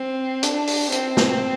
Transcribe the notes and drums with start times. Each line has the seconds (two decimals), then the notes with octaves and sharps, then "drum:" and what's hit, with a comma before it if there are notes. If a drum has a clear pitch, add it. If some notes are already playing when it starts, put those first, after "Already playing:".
Already playing: C4
0.43 D4, drum: hi-hat
0.67 drum: open hi-hat
0.92 C4, drum: hi-hat
1.17 drum: snare